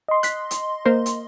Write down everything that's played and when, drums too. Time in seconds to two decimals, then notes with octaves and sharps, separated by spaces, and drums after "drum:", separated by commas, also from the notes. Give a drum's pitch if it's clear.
0.08 D#5 C6
0.23 F#6 B6, drum: hi-hat
0.51 drum: hi-hat
0.85 A#3 A#4 C5
1.06 drum: hi-hat